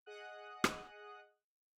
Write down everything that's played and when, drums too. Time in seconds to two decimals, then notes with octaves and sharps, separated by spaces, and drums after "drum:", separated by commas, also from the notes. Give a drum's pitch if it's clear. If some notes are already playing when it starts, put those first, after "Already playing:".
0.06 G#4 D#5 F#5 D#6 F#6
0.64 drum: rim click